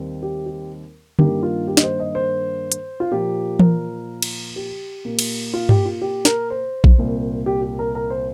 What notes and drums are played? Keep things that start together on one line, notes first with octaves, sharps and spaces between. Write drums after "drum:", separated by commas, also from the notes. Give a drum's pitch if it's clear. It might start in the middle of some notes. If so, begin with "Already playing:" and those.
Already playing: D#2 D#3 G3 C4
G4
G4
G2 D#3 A#3 G4, drum: tom
F4
G4
D#5, drum: snare
C5
D#5
C5
drum: hi-hat
F4
A#2 F3 A#3 G4
A#4, drum: tom E3
drum: cymbal
G4
A#2 A#3
drum: cymbal
F4
G4, drum: tom G2
F4
G4
A#4, drum: snare
C5
drum: kick A#1
C2 A#2 A#3
G4
G4
A#4
A#4
C5